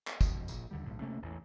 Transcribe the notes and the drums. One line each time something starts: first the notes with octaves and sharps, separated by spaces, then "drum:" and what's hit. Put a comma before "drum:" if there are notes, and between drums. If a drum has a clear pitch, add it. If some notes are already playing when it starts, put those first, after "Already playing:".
drum: clap
F2 B2, drum: kick, tambourine
A#1 A#2, drum: tambourine
D#2 D3 G3
B1 A2
C3 A3 A#3 C#4
A1 E2 E3